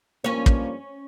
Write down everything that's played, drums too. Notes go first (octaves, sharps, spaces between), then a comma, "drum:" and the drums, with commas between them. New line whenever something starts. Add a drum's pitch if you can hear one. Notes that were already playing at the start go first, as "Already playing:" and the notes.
G2 F3 A#3 C#4 C#5
drum: kick